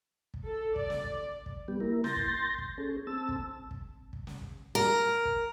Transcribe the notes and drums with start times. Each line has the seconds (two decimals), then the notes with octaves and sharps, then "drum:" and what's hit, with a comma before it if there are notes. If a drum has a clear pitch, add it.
0.34 drum: kick
0.45 A4
0.76 D5, drum: kick
0.90 drum: snare
1.04 drum: kick
1.46 drum: kick
1.68 G3 B3 G4
1.80 A#3 E4 A#4
2.04 C6 G6 A6 A#6, drum: snare
2.16 drum: kick
2.58 drum: kick
2.78 C#4 G#4 A4
3.07 C4 A5 E6
3.29 drum: kick
3.71 drum: kick
4.13 drum: kick
4.27 drum: snare
4.41 drum: kick
4.75 A#4
5.25 drum: kick